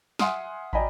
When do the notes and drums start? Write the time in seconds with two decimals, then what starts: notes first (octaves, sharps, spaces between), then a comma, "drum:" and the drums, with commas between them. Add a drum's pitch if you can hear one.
0.19 E5 F#5 G#5 C6 D#6 F6, drum: snare
0.73 D5 D#5 G5 G#5 A#5 B5, drum: kick